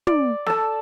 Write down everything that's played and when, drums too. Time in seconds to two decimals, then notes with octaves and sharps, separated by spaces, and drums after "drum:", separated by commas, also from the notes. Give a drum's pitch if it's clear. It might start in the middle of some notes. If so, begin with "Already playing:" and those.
0.07 D5, drum: tom
0.46 A4 A5, drum: snare